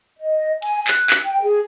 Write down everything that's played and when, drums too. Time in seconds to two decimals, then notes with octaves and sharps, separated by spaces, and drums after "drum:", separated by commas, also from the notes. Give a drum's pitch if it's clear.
0.17 D#5
0.62 G#5, drum: cymbal
0.88 F#6, drum: clap
1.10 drum: clap
1.24 G5
1.42 G#4